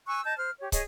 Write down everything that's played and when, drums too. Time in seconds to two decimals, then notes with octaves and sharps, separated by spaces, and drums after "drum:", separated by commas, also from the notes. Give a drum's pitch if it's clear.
0.07 G#5 C#6 E6 F#6
0.25 D#5 A5 G6
0.37 C5 F6
0.59 G4 C#5
0.72 G#4 C#5 D#5, drum: kick, hi-hat